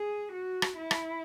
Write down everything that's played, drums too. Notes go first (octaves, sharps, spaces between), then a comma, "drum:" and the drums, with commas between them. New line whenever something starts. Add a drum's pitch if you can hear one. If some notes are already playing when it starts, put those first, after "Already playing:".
Already playing: G#4
F#4
drum: rim click
E4
drum: rim click